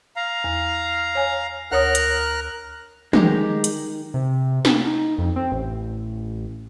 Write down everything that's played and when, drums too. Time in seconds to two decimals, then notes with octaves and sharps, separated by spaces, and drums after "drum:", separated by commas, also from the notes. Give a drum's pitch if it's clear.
0.16 F5 A#5
0.44 E2
1.15 C#5 G#5
1.72 D2 A#4 C#5 D#6 F6 F#6
1.95 drum: hi-hat
3.13 D#3 G#3 D#4 G4 A#5, drum: tom
3.64 drum: hi-hat
4.14 C3
4.65 drum: snare
4.87 D#4
5.18 F2
5.36 C4
5.52 A1